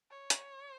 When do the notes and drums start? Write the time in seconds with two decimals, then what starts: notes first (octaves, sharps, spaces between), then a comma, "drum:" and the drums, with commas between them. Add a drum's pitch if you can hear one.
0.11 C#5
0.30 drum: hi-hat